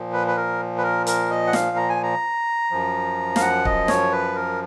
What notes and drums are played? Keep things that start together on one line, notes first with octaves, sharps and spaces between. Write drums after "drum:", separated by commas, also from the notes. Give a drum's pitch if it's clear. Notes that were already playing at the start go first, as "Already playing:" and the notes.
Already playing: A#2 F3
B4
B4
A#4
B4
A#4
A#4, drum: hi-hat
D#5
F#5
F5, drum: snare
A#5
G#5
A#5
F#2 F3
F5, drum: snare
F#5
D#5, drum: kick
C#5, drum: snare
B4
A#4